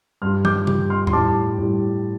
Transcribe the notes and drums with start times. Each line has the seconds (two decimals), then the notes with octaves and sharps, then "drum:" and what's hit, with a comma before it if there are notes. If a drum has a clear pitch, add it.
0.22 G2 G3 C6 F6
0.45 D6 G6, drum: tom
0.67 G2 G3, drum: tom C#3
0.90 C6 F6
1.07 C6, drum: tom F2
1.13 A2 G3 A5 D6
1.58 A2 G3